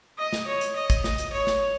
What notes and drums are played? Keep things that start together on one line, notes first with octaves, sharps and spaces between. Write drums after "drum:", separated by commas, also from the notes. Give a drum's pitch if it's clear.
D#5
drum: snare
C#5
drum: hi-hat
D#5
drum: kick, hi-hat
D#5, drum: snare
drum: hi-hat
C#5
drum: snare